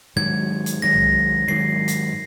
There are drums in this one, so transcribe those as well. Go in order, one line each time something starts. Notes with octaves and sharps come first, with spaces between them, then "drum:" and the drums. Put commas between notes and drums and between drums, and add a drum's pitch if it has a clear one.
G#2 D#3 F#3 G#6
drum: hi-hat
G#2 D#3 F#3 A#6
drum: tom B1
G#2 D#3 F#3 C7
drum: hi-hat